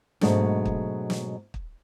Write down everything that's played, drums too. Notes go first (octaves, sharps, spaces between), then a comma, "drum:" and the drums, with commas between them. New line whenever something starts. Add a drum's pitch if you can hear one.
G#2 B2 F#3 G#3 A3 D4, drum: snare
drum: kick
drum: snare
drum: kick